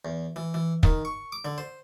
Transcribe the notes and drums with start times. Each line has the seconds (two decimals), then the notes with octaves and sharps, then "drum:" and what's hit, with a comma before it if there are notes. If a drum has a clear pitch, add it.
0.05 E2
0.36 E3
0.54 E3
0.83 D#3, drum: kick
1.05 C#6
1.32 D6
1.45 D3
1.58 C5